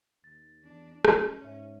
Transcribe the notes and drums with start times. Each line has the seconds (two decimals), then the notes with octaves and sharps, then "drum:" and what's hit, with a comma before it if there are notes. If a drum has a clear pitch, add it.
0.24 D#2 A6
0.64 E2 D4
1.05 C#2 C#4, drum: rim click
1.42 G#2 C#5 E5